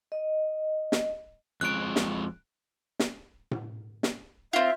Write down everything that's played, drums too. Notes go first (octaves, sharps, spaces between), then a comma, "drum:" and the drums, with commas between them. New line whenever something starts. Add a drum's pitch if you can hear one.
D#5
drum: snare
F2 G#3 C#5 F#6 D7
drum: snare
drum: snare
drum: tom A2
drum: snare
C4 F4 E5